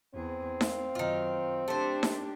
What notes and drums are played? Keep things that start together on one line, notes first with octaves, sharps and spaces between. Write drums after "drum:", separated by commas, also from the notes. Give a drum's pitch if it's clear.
E2 C4 G#4
F5, drum: snare D#4
F#2 D#3 F4
A3 D4 G4 C5
drum: snare D#4